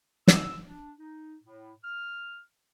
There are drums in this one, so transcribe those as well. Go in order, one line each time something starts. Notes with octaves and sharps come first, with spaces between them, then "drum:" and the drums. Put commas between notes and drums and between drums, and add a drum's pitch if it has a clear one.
E6, drum: snare
D4
D#4
A2
F6